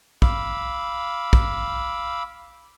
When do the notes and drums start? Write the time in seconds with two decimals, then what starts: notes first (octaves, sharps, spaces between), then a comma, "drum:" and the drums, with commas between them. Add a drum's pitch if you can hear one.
0.22 F5 B5 D6 E6, drum: kick
1.33 drum: kick